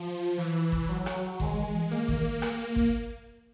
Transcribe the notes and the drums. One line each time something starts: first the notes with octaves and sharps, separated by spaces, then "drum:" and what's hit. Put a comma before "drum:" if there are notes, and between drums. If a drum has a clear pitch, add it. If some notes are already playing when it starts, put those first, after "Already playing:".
Already playing: F3
E3
drum: kick G1
F#3
drum: rim click
D#3 G#3, drum: kick G1
D#3
E3
A#3
D#3, drum: kick G1
drum: rim click
drum: kick G1